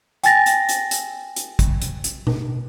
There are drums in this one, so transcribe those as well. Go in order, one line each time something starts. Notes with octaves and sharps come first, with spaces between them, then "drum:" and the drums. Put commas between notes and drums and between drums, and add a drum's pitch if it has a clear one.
G5 G#5 A6 A#6, drum: hi-hat
drum: hi-hat
drum: hi-hat
drum: hi-hat
drum: hi-hat
drum: kick, hi-hat
drum: hi-hat
drum: hi-hat
drum: tom B2